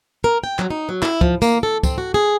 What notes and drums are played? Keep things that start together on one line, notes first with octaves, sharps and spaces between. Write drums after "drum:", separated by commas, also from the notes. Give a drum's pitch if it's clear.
A#4
G5
F#3, drum: clap
D#4
F#3
E4, drum: clap
F3, drum: kick
A#3, drum: tambourine
A4
C4, drum: kick, tambourine
F#4
G#4